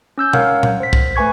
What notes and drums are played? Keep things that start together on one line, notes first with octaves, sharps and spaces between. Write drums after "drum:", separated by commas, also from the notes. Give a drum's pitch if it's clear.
C#4 E6 G6
A#4 C#5 F5 F#5, drum: tom B2
drum: tom A#2
C5 B6
drum: kick
A3 B4 G#5 C#6 G#6